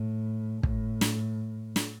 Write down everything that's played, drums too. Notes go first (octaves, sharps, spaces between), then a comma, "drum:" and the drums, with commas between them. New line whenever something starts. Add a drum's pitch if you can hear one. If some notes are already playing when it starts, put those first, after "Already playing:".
Already playing: A2
A2, drum: kick
drum: snare
drum: snare